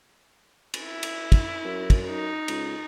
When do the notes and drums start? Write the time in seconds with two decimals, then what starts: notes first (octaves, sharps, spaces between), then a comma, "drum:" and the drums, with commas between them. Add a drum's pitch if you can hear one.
0.74 drum: cymbal
0.83 E4
1.03 drum: cymbal
1.32 drum: kick, cymbal
1.65 F#2
1.90 drum: kick, cymbal
2.08 D#4
2.48 C#2, drum: cymbal